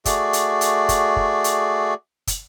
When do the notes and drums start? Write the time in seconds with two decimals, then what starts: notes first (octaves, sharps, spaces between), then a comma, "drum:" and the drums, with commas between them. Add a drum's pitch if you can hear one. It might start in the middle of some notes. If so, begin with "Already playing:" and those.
0.05 A3 F#4 G#4 D5, drum: kick, hi-hat
0.33 drum: hi-hat
0.61 drum: hi-hat
0.89 drum: kick, hi-hat
1.16 drum: kick
1.44 drum: hi-hat
2.27 drum: kick, hi-hat